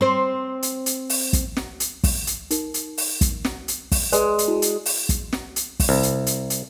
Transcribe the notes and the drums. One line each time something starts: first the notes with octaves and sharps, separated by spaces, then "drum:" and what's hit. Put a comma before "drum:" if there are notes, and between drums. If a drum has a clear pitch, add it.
C4 C5
drum: hi-hat
drum: hi-hat
drum: open hi-hat
drum: kick, hi-hat
drum: snare
drum: hi-hat
drum: kick, open hi-hat
drum: hi-hat
D#4 A#4, drum: hi-hat
drum: hi-hat
drum: open hi-hat
drum: kick, hi-hat
drum: snare
drum: hi-hat
drum: kick, open hi-hat
G#3 B4 D5 F#6, drum: hi-hat
drum: hi-hat
E4 F#4
drum: hi-hat
drum: open hi-hat
drum: kick, hi-hat
drum: snare
drum: hi-hat
drum: kick, open hi-hat
C2
drum: hi-hat
drum: hi-hat
drum: hi-hat